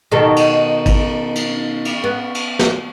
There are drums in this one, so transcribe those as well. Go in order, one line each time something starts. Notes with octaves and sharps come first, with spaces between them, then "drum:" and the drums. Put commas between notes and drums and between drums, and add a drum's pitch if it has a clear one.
B2 D#3 A4
drum: cymbal
drum: kick, cymbal
drum: cymbal
drum: cymbal
B3
drum: cymbal
drum: snare